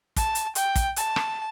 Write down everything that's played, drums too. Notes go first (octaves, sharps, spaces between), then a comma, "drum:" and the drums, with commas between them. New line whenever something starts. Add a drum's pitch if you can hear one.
A5, drum: kick, hi-hat
drum: hi-hat
G5, drum: hi-hat
drum: kick, hi-hat
A5, drum: hi-hat
drum: rim click